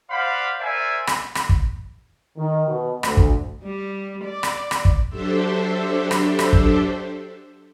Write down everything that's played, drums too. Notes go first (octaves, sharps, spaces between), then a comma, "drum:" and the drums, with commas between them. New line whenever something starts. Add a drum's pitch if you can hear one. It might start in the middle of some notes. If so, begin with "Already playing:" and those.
C5 D5 F5 F#5 B5
A#4 C5 D5 E5 G#5
drum: rim click
drum: rim click
drum: kick
D#3
B2
D2, drum: rim click
drum: kick
G3
D5
drum: rim click
drum: rim click
drum: kick
F#3 D4 G4 A4 C5 E5
drum: rim click
drum: rim click
drum: kick